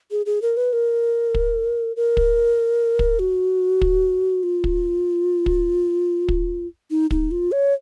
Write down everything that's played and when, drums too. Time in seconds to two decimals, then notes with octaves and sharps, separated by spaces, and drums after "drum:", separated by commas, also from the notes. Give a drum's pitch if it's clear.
0.11 G#4
0.26 G#4
0.42 A#4
0.57 B4
0.73 A#4
1.34 drum: kick
1.96 A#4
2.17 drum: kick
2.99 drum: kick
3.19 F#4
3.81 drum: kick
4.43 F4
4.64 drum: kick
5.46 drum: kick
6.28 drum: kick
6.90 D#4
7.11 D#4, drum: kick
7.31 F4
7.52 C#5